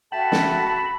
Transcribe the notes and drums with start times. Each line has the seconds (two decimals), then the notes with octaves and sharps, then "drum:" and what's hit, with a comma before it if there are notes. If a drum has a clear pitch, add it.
0.12 F#4 A4 E5 G5 A5 B5
0.32 drum: snare